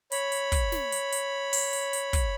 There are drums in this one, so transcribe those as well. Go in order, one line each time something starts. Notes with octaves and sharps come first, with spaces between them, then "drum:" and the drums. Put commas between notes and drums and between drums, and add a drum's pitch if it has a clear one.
C#5 B5, drum: hi-hat
drum: hi-hat
drum: kick, hi-hat
drum: snare
drum: hi-hat
drum: hi-hat
drum: open hi-hat
drum: hi-hat
drum: hi-hat
drum: kick, hi-hat